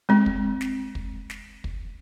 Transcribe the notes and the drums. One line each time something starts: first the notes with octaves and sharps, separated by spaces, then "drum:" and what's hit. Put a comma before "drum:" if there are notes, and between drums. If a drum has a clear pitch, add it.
G#3 C4
drum: kick
drum: snare
drum: kick
drum: snare
drum: kick